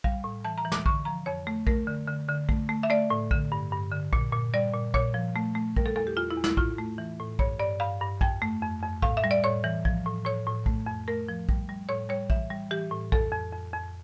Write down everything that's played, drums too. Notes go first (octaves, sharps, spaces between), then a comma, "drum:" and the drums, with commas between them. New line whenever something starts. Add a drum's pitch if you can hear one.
G3 F5, drum: kick A#1
A2
E3 A5
A#5
E3
D6, drum: snare
D3 C#6, drum: kick A#1
F3 A#5
F2 C#5
A3
A3 A#4, drum: kick A#1
D3
D3
D3
A3, drum: kick A#1
A3
E5
A3 D5
A2
D3, drum: kick A#1
G2
G2
D3
A#2, drum: kick A#1
A#2
G3 D5
A#2
A#2 C#5, drum: kick A#1
F3
A3
A3
G3 A#4, drum: kick A#1
A4
E2 A4
G4
E2 F4
E4
E2
E4, drum: snare
A2 F4, drum: kick A#1
A3
E3
A2
G2 C#5, drum: kick A#1
G2 D5
G2 F5
G2
F2 G5, drum: kick A#1
A3
F2
F2
A2 F5, drum: kick A#1
E5
G3
D5
A2 C#5
E3
F3, drum: kick A#1
A2
A2 C#5
A2
A3, drum: kick A#1
F2
A3 A#4
F3
G3, drum: kick A#1
G3
A2 C#5
G3 C#5
E3 E5, drum: kick A#1
G3
E3 G4
A2
F2 A4, drum: kick A#1
F2
F2
F2